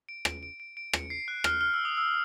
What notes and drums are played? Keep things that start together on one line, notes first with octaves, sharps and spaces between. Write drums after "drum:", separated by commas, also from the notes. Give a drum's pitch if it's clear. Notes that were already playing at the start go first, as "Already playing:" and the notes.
D7
D7, drum: rim click
D7
D7
D7
C#7, drum: rim click
C7
F#6
F6, drum: rim click
F6
E6
D#6
E6